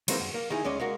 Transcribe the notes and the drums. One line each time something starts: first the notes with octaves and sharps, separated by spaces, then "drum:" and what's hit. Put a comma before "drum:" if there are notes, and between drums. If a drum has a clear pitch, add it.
D#3 E3 G#3 A#3 C4 D#4, drum: cymbal
F#2
A#3
D#3 D#4 E4 G#4
D2 G#3 C#4 D5 D#5
G#3 A#3 F#4 A#4